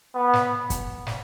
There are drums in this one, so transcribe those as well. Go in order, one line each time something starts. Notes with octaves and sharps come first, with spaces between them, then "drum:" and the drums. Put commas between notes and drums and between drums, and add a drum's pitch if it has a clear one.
B3
drum: snare
drum: kick, hi-hat
drum: snare